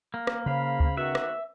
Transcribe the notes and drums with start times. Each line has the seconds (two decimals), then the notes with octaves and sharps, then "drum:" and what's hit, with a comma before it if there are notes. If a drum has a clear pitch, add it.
0.14 A#3
0.27 drum: rim click
0.46 C#3 C5 F5 B5
0.80 drum: kick D2
0.97 D#3 B3 F#4 E5
1.15 drum: rim click